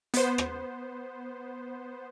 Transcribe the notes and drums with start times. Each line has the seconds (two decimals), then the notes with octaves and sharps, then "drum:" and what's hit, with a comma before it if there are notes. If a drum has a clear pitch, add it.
0.14 B3 C5, drum: hi-hat
0.38 drum: rim click